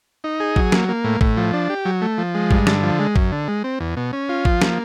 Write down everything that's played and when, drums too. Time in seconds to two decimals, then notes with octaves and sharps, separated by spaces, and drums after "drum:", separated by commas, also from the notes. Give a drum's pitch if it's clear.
0.24 D#4
0.40 G#4
0.56 F#3, drum: kick A1
0.72 A#3, drum: snare
0.89 A#3
1.04 A2
1.21 A2, drum: kick A1
1.37 F3
1.53 D4
1.70 G4
1.85 F#3
2.02 A3
2.18 F3
2.35 G#3
2.51 G2, drum: kick A1
2.67 D3, drum: snare
2.83 F3
2.99 G#3
3.16 F#2, drum: kick A1
3.32 D3
3.48 G#3
3.64 C4
3.80 E2
3.97 B2
4.13 C#4
4.29 F4
4.45 F3, drum: kick A1
4.62 A#3, drum: snare